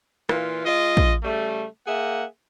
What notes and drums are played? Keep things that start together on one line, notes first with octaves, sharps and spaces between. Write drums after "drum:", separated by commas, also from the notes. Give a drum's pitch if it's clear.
A#2 E3 F4, drum: rim click
G#3 F4 D#5
drum: kick
C#3 G3 A3
A#3 G#4 E5 F#5